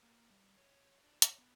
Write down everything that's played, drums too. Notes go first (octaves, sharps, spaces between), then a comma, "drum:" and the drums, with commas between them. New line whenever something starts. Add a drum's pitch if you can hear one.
A#3
G3
C#5
D4
C#5, drum: hi-hat
B3